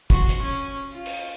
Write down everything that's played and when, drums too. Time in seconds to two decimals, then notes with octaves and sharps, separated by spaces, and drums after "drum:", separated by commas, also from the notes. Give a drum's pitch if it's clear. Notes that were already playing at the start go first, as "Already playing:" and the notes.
0.10 F#4 C6, drum: kick, hi-hat
0.29 drum: hi-hat
0.43 C#4
0.93 F4
1.06 drum: open hi-hat